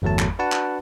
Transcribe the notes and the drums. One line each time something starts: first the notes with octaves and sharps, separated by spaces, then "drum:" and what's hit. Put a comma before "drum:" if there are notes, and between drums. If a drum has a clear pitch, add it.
G1 E2 F#3 A3 A5
drum: clap
D4 F#4 B4 F#5 A5
drum: clap